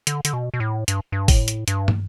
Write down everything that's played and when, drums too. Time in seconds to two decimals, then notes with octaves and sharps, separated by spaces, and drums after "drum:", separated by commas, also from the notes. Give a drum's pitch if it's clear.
0.07 D3, drum: hi-hat
0.25 D3, drum: hi-hat
0.33 B2
0.54 B2
0.60 A2
0.88 G2, drum: hi-hat
1.12 G2
1.28 A2, drum: kick G#1, open hi-hat
1.48 drum: hi-hat
1.68 G2, drum: hi-hat
1.88 drum: tom